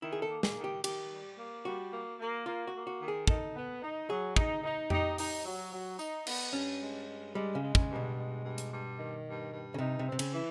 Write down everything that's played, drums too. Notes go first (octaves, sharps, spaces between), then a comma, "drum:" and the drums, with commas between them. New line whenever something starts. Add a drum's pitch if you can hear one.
D#3 E4
G#4
A4
A#3
G#4, drum: snare
D#3
G4
D#3 G4, drum: cymbal
G3
A#3
G3 F#4
A#3
A#3
A#3 F4
F#4
A#3
F#4
D#3
G#4
D#4 A4, drum: kick
B3
D#4
F#3 G#4
D#4, drum: kick
D#4
D#4 G4, drum: tom F2
D#4, drum: open hi-hat
F#3
F#3
D#4, drum: tambourine
B3, drum: cymbal
G2 C#4
G#3
G2
G3 G#3
C#3
G#3
C#3, drum: kick
G2
B2
G#3
G2
drum: hi-hat
G2
D#3
G2
G2
C#3
C3 D#4
C3
C4
C3
C#3, drum: cymbal
E3